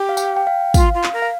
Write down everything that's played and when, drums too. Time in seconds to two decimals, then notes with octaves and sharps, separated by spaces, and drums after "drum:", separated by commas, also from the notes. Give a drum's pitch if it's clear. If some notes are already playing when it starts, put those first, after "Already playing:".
Already playing: G4
0.09 F5
0.17 G5, drum: tambourine
0.37 G5
0.47 F5
0.74 F4 F5, drum: kick, tambourine
0.94 F4
1.04 drum: clap
1.13 A#4
1.22 F5